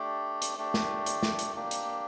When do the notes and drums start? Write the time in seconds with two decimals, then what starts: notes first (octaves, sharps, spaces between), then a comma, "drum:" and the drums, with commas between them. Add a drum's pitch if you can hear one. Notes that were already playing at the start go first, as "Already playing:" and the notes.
Already playing: A3 D4 G4
0.42 drum: hi-hat
0.58 A3 D4 G4
0.74 drum: snare
1.06 drum: hi-hat
1.23 drum: snare
1.39 drum: hi-hat
1.55 A#3 D4 G4
1.71 drum: hi-hat